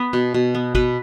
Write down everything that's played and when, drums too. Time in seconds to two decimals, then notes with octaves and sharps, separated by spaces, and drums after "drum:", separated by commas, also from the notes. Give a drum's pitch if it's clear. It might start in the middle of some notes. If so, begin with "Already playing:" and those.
Already playing: B3 B4
0.13 B2
0.34 B2
0.55 B3
0.75 B2 B4, drum: kick